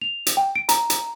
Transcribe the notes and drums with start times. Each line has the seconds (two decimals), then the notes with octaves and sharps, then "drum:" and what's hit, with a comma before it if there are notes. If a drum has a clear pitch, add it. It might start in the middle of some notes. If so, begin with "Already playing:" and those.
0.02 F7
0.26 drum: hi-hat
0.37 G5
0.56 D7
0.69 A#5, drum: hi-hat
0.90 drum: hi-hat